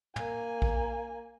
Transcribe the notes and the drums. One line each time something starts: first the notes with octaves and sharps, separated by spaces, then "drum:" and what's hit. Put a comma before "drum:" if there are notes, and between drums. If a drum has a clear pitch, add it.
A#3 G#5, drum: tom
drum: kick A#1